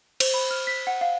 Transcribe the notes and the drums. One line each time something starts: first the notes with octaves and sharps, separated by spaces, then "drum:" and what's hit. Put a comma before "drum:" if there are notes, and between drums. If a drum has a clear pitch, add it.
C5, drum: cymbal
B5
F6
B6
F#5
F5